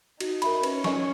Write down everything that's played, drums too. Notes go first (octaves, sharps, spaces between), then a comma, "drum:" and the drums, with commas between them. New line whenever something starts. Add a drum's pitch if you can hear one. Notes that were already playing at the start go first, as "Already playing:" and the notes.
D#4 F#4, drum: cymbal
A#4 E5 B5, drum: cymbal
C#4 B4, drum: cymbal
D#5 G#5 C#6, drum: snare